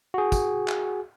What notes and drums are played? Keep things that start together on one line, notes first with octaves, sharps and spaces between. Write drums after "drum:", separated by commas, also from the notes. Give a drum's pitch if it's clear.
F#4 G#4
drum: kick, tambourine
drum: clap